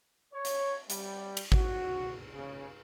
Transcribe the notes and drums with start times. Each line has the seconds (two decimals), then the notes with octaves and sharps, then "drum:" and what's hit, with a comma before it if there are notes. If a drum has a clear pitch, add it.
0.33 C#5
0.45 drum: hi-hat
0.90 G3, drum: hi-hat
1.37 drum: cymbal
1.52 F#4, drum: kick G#1
2.34 C#3